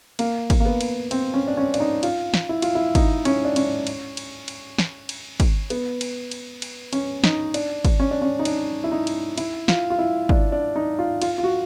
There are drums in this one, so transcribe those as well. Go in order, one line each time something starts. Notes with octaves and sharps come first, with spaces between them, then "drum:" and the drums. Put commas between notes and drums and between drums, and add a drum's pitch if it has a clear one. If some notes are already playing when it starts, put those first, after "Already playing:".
A#3, drum: cymbal
drum: kick, cymbal
A#3
B3
drum: cymbal
C4, drum: cymbal
C#4
D4
C#4
D4, drum: cymbal
D#4
F4, drum: cymbal
drum: snare
E4
F4, drum: cymbal
E4
D#4, drum: kick, cymbal
C#4, drum: cymbal
D4
C#4, drum: cymbal
drum: cymbal
drum: cymbal
drum: cymbal
drum: snare
drum: cymbal
drum: kick, cymbal
B3, drum: cymbal
drum: cymbal
drum: cymbal
drum: cymbal
C#4, drum: cymbal
D#4, drum: snare
D4, drum: cymbal
drum: kick, cymbal
C#4
D4
C#4
D#4
D4, drum: cymbal
E4
D#4
drum: cymbal
E4, drum: cymbal
F4, drum: snare
F4
E4
D4, drum: kick
D4
D#4
F4
F4, drum: cymbal
F4
F#4